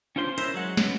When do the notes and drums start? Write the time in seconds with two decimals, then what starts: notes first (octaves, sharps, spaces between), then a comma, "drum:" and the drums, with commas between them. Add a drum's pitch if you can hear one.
0.16 C#4 D4 F4 C5 C6
0.38 C#4 E4 A#4 C5 E5, drum: hi-hat
0.54 F#3 G#3 F#5
0.77 F#3 B3 C#4 F#4, drum: snare